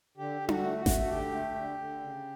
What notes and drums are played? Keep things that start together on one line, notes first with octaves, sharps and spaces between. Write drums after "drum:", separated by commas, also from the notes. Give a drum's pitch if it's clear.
D3 G4
D3
F#4, drum: tom D4
A3
F#4
A3, drum: snare G#1
F#4
D3 G4
A3
D3
D3
C#3